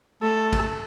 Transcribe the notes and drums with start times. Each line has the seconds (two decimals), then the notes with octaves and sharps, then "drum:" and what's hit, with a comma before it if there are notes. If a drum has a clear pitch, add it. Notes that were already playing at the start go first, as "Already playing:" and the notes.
0.22 A3 A4
0.53 drum: kick G#1, cymbal